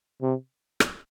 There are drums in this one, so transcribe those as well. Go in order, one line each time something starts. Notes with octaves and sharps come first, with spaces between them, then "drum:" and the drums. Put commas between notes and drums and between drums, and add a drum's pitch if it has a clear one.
C3
drum: rim click